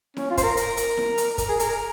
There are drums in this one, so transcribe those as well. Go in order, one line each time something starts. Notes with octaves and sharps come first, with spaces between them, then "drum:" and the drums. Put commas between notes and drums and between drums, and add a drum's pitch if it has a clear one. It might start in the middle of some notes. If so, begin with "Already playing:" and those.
C#4, drum: snare E4
F4
C5, drum: kick, hi-hat
A#4
drum: hi-hat
drum: hi-hat
drum: snare E4
drum: hi-hat
A#4, drum: kick, hi-hat
G#4
A#4, drum: hi-hat